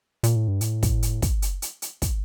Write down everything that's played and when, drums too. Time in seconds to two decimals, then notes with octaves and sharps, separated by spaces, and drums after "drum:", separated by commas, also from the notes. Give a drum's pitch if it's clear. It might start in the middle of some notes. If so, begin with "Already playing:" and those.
0.23 A#2, drum: hi-hat
0.36 A2
0.48 G2
0.61 A2, drum: hi-hat
0.83 drum: kick, hi-hat
1.03 drum: hi-hat
1.22 drum: kick, hi-hat
1.42 drum: hi-hat
1.62 drum: hi-hat
1.82 drum: hi-hat
2.02 drum: kick, hi-hat